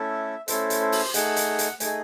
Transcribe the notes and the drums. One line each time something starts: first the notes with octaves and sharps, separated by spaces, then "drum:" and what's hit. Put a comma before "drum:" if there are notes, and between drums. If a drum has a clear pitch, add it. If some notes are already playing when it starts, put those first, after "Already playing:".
Already playing: A3 C#4 E4 A4 E5
A3 C#4 E4 A4 C5, drum: hi-hat
drum: hi-hat
C5
drum: open hi-hat
A3 D#4 G#4 F#5, drum: hi-hat
drum: hi-hat
drum: hi-hat
A3 D#4 G#4 G#5, drum: hi-hat